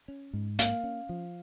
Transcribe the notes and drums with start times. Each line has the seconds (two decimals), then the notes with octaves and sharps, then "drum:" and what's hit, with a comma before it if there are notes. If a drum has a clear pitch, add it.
0.08 C#4
0.33 G#2
0.59 A#3 F5, drum: hi-hat
0.84 C#4
1.09 F3